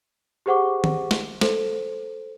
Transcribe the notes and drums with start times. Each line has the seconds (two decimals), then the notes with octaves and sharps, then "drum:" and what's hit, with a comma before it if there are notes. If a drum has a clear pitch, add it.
0.46 G4 G#4 C5 F#5 C#6 D6
0.84 drum: tom D#3
1.11 drum: snare
1.41 A4 C5, drum: snare